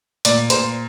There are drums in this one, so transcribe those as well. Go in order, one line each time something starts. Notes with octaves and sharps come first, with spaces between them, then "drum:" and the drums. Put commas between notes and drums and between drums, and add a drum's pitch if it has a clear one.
A#2 D5, drum: hi-hat
A#2 C5, drum: hi-hat